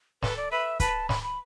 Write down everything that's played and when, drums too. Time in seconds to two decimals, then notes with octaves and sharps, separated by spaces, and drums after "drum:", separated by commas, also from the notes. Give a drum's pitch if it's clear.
0.23 A4 B4, drum: snare
0.37 D5
0.52 B4 E5
0.80 B4 A5, drum: kick, hi-hat
1.09 B5, drum: snare
1.23 B5